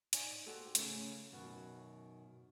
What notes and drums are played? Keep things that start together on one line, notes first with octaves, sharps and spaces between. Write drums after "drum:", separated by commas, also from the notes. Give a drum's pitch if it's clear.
D#4 D5 G#5, drum: hi-hat
F#4 G4 A4 C5
C#3 A3 C#4, drum: hi-hat
F#2 B2 D#3 F#4